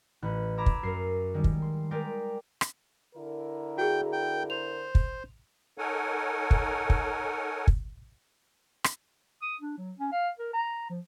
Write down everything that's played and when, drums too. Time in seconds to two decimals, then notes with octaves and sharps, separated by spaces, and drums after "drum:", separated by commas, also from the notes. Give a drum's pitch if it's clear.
0.22 A1 B5 F#6
0.57 A#5 B5 D6 E6 G#6
0.66 drum: kick
0.83 F#2 A#4 C7
1.34 D#3 G3 G#3
1.44 drum: kick
1.62 C6
1.91 G#3 A#4 D5 G5 B6
2.61 drum: rim click
3.15 D3 E4 A#4
3.78 F#4 G#4 G5
4.13 G5
4.50 C5 F7
4.95 drum: kick
5.78 D#4 A4 A#4 C#5 F#5 G#5
6.51 drum: kick
6.90 drum: kick
7.67 drum: kick
8.84 drum: rim click
9.42 D#6
9.61 D4
9.78 F#3
9.99 C#4
10.12 F5
10.39 A#4
10.53 A#5
10.90 F3